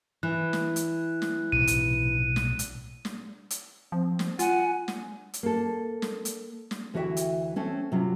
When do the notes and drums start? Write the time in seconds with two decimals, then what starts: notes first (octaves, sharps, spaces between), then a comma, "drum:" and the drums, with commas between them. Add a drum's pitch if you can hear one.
0.23 E3 F#6
0.53 drum: snare
0.76 drum: hi-hat
1.22 drum: snare
1.52 B1 A2 C3 D#7
1.67 drum: hi-hat
2.36 drum: snare
2.59 drum: hi-hat
3.05 drum: snare
3.50 drum: hi-hat
3.92 F3 C4
4.19 drum: snare
4.39 F4 F#5 G#5, drum: hi-hat
4.88 drum: snare
5.34 drum: hi-hat
5.43 A#3 A4
6.02 drum: snare
6.25 drum: hi-hat
6.71 drum: snare
6.94 D2 E3 F#4 A#4 E5 G5
7.17 drum: hi-hat
7.56 A3 C4 C#4
7.92 C3 F#3 F4